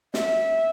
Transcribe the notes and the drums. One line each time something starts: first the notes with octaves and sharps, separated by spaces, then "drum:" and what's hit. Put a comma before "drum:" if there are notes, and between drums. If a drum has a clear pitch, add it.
E5, drum: snare